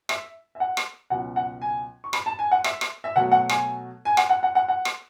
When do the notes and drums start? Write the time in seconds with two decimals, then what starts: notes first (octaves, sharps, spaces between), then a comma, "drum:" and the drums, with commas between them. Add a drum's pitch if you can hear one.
0.09 E5, drum: rim click
0.55 E5
0.60 F#5
0.77 drum: rim click
1.10 C#2 B2 F#3 C#4 F#5
1.36 F#5
1.62 G#5
2.04 C#6
2.13 B5, drum: rim click
2.26 A5
2.39 G#5
2.52 F#5
2.64 E5, drum: rim click
2.81 drum: rim click
3.04 E5
3.16 B2 F#3 A3 F#5
3.32 F#5
3.49 G#5, drum: rim click
4.05 G#5
4.17 F#5, drum: rim click
4.29 F#5
4.43 F#5
4.55 F#5
4.69 F#5
4.85 drum: rim click